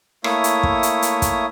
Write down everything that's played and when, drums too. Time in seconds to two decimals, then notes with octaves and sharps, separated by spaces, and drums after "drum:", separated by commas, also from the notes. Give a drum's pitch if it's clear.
0.24 A3 A#3 E4 C#5 E5 D#6, drum: rim click
0.44 drum: hi-hat
0.63 drum: kick
0.83 drum: hi-hat
1.02 drum: hi-hat
1.22 drum: kick, hi-hat